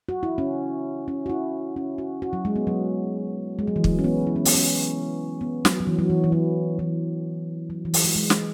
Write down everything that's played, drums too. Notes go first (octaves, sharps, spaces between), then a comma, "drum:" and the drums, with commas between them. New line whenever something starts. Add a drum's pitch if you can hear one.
F#4
E4
C#4
C#4
F#4
E4
C#4
F#4
F#4
F#3
G#3
B3
F#3
G#3
F#3
E3
F#3, drum: kick
C#4
B3
E4
C#4
B3, drum: open hi-hat
C#4
B3
F#3, drum: snare
F#3
E3
F#3
E3
E3
F#3
E3
F#3
E3
F#3, drum: open hi-hat
G#3
G#3
drum: snare